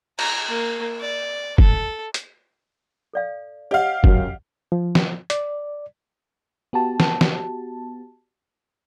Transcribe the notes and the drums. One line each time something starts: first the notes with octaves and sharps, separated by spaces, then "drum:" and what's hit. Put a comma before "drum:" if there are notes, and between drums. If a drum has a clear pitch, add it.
A#5, drum: cymbal
A#3
D5
A4, drum: kick
drum: hi-hat
A4 D5 F5
G4 C#5 D#5 F5 F#5
F#2, drum: kick
F3
drum: snare
D5, drum: hi-hat
B3 F#4 G4 A5
drum: snare
drum: snare